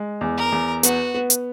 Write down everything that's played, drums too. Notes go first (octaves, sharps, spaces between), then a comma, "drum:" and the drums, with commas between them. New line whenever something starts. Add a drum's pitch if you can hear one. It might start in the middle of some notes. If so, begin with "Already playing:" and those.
Already playing: G#3
E2
A#4
E2
B3 F#4, drum: hi-hat
B3
drum: hi-hat